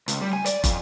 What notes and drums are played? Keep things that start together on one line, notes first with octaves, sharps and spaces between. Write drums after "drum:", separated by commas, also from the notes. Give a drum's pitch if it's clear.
C#2, drum: hi-hat
G3
G#5
D5, drum: hi-hat
F2, drum: kick, hi-hat